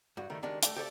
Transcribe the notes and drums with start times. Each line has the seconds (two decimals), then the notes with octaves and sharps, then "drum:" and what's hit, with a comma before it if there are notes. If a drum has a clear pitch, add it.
0.17 G2 F#4
0.30 D#3 G3 A3
0.43 D#3 G#3 D4 G4
0.62 A3 D5 G5, drum: hi-hat
0.76 G4 A4 C#5 D5